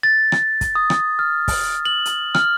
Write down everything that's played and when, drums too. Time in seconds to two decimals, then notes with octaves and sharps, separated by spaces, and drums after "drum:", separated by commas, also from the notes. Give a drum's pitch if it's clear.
0.03 A6
0.32 drum: rim click
0.61 drum: kick, hi-hat
0.75 D#6
0.90 drum: rim click
1.19 F6
1.48 drum: kick, open hi-hat
1.85 F#7
2.05 drum: hi-hat
2.35 F6, drum: rim click